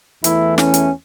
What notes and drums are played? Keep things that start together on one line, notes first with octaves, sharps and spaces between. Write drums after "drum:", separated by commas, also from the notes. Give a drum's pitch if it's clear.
E2 E3 A3 E4, drum: hi-hat
C#4, drum: snare
drum: hi-hat